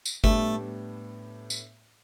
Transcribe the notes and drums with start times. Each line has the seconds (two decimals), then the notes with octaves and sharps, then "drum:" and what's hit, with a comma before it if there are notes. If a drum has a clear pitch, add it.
0.05 drum: tambourine
0.24 A2 G3 A3 B3 D4 G4, drum: kick
1.50 drum: tambourine